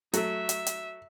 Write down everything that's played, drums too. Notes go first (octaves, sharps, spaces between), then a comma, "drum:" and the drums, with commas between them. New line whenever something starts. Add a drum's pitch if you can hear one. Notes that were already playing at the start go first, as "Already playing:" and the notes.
F#3 A3 E5, drum: hi-hat
drum: hi-hat
drum: hi-hat